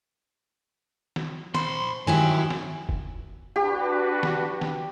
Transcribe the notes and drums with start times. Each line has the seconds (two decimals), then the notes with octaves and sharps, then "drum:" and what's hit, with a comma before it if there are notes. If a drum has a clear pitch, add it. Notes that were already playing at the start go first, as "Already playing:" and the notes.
1.16 drum: snare
1.54 C5 B5 C6, drum: snare
2.07 F#2 D#3 F#3 E4 G4 E5 G#5
2.50 drum: snare
2.89 drum: kick
3.56 D4 F#4 G4 B4
4.23 drum: snare
4.61 drum: snare